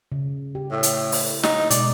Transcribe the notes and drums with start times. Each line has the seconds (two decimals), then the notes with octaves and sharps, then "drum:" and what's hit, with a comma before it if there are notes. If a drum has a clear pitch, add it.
0.12 C#3
0.55 G4
0.72 A2
0.83 drum: hi-hat
1.12 drum: open hi-hat
1.43 D#4, drum: snare
1.70 B2 G#3 D5, drum: hi-hat